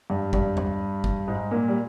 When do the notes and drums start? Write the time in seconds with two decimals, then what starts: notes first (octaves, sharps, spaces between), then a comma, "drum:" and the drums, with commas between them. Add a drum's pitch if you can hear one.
0.10 G2 G3
0.33 G2 G3, drum: kick
0.57 drum: tom E2
1.04 drum: kick
1.28 G#2 G#3
1.51 A#2 A#3
1.68 G3